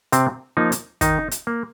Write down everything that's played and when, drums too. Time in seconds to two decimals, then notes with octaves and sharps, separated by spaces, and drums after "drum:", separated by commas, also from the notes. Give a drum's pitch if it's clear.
0.12 C3 C4, drum: hi-hat
0.57 F3 A#3 D#4
0.72 drum: hi-hat
1.01 D#3 D#4, drum: kick, hi-hat
1.31 drum: hi-hat
1.47 A#3